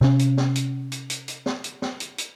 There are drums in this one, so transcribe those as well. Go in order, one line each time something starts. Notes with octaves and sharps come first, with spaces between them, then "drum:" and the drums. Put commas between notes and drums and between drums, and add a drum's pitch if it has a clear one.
C3 C#4, drum: snare
drum: hi-hat
drum: snare
drum: hi-hat
drum: hi-hat
drum: hi-hat
drum: hi-hat
drum: snare
drum: hi-hat
drum: snare
drum: hi-hat
drum: hi-hat